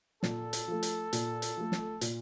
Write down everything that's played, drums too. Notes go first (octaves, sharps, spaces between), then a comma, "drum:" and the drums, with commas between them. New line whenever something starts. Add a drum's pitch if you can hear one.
A#2 A4, drum: snare
drum: hi-hat
F3 A3
drum: hi-hat
A#2, drum: hi-hat
drum: hi-hat
F3 A3
drum: snare
A#2, drum: hi-hat